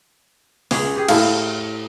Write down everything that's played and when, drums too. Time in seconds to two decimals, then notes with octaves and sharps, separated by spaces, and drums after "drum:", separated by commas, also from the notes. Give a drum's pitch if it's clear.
0.71 C#2 G#4, drum: open hi-hat
0.96 G4 G#4
1.08 A2 E4 A4 F5, drum: cymbal